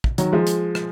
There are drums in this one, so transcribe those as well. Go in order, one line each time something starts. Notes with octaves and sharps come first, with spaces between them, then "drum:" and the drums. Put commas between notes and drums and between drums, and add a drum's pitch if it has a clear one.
drum: kick
D#3 F#3, drum: hi-hat
F3 G#3
drum: hi-hat
drum: rim click